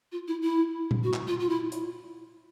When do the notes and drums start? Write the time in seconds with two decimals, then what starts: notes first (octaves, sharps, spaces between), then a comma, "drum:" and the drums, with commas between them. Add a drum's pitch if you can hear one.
0.12 F4
0.28 E4
0.43 E4
0.91 drum: tom A#2
1.04 F#4
1.14 drum: clap
1.28 F4
1.40 F4
1.49 E4
1.72 drum: hi-hat